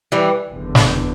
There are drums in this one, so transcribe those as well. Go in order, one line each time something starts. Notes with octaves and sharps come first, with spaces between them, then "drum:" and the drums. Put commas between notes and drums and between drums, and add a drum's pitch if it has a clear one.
E3 G3
F#1 E2 D3
drum: snare